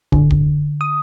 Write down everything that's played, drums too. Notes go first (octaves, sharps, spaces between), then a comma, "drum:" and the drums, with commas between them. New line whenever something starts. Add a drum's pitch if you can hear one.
D3, drum: kick
drum: kick
D#6